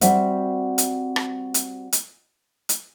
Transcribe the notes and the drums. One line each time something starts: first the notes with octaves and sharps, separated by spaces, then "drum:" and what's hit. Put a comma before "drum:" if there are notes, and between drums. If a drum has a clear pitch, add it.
G3 C4 F#4 C5 E5 F#5, drum: hi-hat
drum: hi-hat
drum: rim click
drum: hi-hat
drum: hi-hat
drum: hi-hat